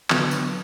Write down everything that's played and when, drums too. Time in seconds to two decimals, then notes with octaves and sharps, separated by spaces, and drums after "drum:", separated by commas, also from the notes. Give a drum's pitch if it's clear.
0.10 D3 F#3 B3, drum: clap
0.31 drum: tambourine